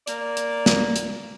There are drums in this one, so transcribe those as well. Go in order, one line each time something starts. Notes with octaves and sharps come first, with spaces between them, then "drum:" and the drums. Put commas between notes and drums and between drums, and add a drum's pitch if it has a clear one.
A#3 D5, drum: hi-hat
drum: hi-hat
drum: snare
drum: hi-hat